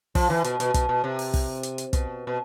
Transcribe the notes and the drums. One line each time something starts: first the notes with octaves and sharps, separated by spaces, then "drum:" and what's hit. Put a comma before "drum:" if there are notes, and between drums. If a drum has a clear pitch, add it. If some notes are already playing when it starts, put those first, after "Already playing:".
F3, drum: kick, open hi-hat
E3
B2, drum: hi-hat
B2, drum: hi-hat
B2, drum: kick, hi-hat
B2
C3
drum: open hi-hat
drum: kick, open hi-hat
drum: hi-hat
drum: hi-hat
B2, drum: kick, hi-hat
B2